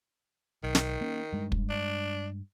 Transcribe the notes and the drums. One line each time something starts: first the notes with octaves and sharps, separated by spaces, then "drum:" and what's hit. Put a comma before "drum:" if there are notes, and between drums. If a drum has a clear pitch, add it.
B1 D#3
drum: snare
A#3 C#4
G2 G#3
drum: kick
D4